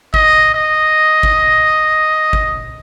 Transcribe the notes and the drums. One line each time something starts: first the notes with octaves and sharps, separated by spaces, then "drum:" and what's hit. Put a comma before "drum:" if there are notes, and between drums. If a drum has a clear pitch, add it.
D#5, drum: kick G#1
D#5
drum: kick G#1
drum: kick G#1